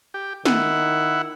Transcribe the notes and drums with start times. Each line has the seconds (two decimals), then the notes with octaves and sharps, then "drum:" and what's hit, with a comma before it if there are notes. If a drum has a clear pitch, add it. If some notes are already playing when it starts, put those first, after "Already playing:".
0.14 G4
0.45 D#3 E4 F#5, drum: snare